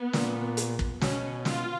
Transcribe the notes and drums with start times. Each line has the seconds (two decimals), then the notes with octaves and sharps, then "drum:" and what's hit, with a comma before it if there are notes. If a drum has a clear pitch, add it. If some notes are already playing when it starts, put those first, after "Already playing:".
Already playing: B3
0.13 A#2, drum: snare
0.57 drum: hi-hat
0.79 drum: kick
1.01 B2 C#4, drum: snare
1.45 F4, drum: snare